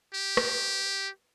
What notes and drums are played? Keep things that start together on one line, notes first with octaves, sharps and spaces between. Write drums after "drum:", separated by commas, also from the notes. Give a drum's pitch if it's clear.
G4
drum: rim click